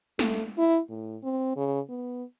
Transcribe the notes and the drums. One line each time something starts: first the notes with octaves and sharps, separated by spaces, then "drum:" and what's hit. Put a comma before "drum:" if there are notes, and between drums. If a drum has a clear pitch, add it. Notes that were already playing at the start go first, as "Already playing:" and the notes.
A3, drum: snare
E4
A2
C4
C#3
B3